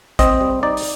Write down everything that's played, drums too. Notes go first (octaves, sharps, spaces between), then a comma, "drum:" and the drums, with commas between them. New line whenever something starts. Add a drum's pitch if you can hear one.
C4 D#5, drum: kick A1, hi-hat
G3
D#4 D5
drum: open hi-hat